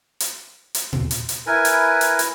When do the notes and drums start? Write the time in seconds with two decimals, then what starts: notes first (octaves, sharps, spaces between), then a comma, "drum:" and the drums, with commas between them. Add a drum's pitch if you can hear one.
0.20 drum: hi-hat
0.75 drum: hi-hat
0.93 drum: tom A#2
1.11 drum: hi-hat
1.29 drum: hi-hat
1.47 E4 A#4 B4 G#5
1.65 drum: hi-hat
2.01 drum: hi-hat
2.19 drum: hi-hat